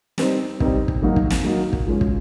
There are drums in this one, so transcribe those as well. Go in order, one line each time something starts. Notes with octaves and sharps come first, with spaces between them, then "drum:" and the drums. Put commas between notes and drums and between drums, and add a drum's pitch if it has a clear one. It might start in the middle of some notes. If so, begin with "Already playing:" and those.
G3 C4 D#4, drum: snare
G3 C4 D#4, drum: kick
drum: kick
D#3 F#3 A#3 D#4 F#4
drum: kick
drum: snare
D#3 F#3 A#3 D#4 F#4
drum: kick
F3 G#3 C#4
drum: kick